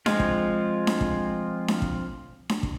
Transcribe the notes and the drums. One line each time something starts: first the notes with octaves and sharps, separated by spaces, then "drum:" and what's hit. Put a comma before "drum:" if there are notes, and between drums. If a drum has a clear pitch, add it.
F3 G#3 C4 F4, drum: snare D4
drum: kick
drum: snare D4
drum: kick
drum: snare D4
drum: kick
drum: snare D4
drum: kick